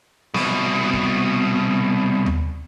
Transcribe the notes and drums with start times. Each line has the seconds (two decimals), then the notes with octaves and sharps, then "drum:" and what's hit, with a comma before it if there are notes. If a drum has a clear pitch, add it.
0.34 C2 B2, drum: snare B3
0.93 drum: kick
2.26 drum: tom D#2